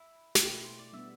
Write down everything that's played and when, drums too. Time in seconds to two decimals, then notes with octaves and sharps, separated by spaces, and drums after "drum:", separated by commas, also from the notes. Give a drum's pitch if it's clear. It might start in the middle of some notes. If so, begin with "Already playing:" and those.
Already playing: E4
0.35 B2 A3 E4 G4 A4, drum: snare
0.50 B4
0.64 C5
0.79 D5
0.93 G3 B3 D4 E5